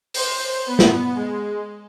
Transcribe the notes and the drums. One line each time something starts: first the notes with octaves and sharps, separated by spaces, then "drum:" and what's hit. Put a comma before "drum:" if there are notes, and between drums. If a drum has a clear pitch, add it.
C5, drum: open hi-hat
B3
drum: snare
G#3